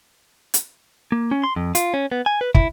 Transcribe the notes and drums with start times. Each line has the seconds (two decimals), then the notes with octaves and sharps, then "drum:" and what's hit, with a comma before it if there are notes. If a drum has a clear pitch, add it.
0.54 drum: hi-hat
1.12 A#3
1.31 C#4
1.44 C6
1.56 F2
1.75 F4, drum: hi-hat
1.94 C#4
2.12 B3
2.26 G#5
2.41 B4
2.55 E4, drum: kick